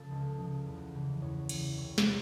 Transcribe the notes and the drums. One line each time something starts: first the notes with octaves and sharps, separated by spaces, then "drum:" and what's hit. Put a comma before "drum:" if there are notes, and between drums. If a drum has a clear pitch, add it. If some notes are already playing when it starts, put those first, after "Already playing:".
Already playing: C#3 F3 A4
C#2
C#3 F3
E2
C#3 E3
E2 C#5
C#3 E3, drum: cymbal
C2 C#5
B4, drum: snare
C3 C5